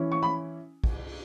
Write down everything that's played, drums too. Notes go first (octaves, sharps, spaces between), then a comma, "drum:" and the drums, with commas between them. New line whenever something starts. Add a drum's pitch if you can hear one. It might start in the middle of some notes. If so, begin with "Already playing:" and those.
Already playing: E3 C#4 E4
C#6
B5
drum: kick, cymbal
drum: cymbal